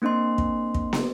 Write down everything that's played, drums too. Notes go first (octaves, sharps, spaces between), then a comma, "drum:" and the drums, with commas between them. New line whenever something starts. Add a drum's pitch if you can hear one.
A#3 C4 D4 D#5 C6
drum: kick
drum: kick
drum: snare